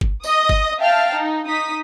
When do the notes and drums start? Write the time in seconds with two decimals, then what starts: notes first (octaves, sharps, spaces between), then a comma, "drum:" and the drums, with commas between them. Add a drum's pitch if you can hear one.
0.01 drum: kick
0.23 D#5 D#6, drum: tambourine
0.49 drum: kick
0.80 E5 F5 G5 A5 F6
1.13 D#4
1.46 D#4 D#6 B6